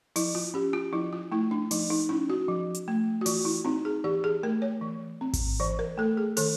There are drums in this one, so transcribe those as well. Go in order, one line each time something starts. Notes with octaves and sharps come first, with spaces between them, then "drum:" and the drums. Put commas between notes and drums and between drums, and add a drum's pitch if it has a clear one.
F3 E4, drum: open hi-hat
F4
C#4 G4
F4
F3 E4
F4
A3 E4
D4
F3 D#4, drum: open hi-hat
D#4
C#4 E4
F#4
F3
drum: hi-hat
A3
F#4
E3 F4, drum: open hi-hat
E4
C4 D#4
G#4
E3 G4
G#4
A3 A#4
C#5
E3
C4
drum: kick G#1, open hi-hat
E3 C5
A#4
A3 A4
G#4
D#3 A4, drum: open hi-hat